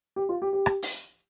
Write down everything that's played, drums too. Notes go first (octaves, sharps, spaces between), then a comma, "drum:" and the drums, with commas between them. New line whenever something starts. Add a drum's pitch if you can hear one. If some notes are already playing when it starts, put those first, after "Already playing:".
G4
F4
G4
G4
drum: rim click
drum: open hi-hat